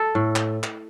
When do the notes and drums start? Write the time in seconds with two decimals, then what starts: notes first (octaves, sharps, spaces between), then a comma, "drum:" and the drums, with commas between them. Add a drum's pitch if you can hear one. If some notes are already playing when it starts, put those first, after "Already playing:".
Already playing: A4
0.15 A2
0.36 drum: clap
0.63 drum: clap